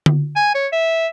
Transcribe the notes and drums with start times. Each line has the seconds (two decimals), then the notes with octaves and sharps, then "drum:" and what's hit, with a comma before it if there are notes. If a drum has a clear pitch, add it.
0.06 drum: tom D3
0.36 G#5
0.55 C#5
0.72 E5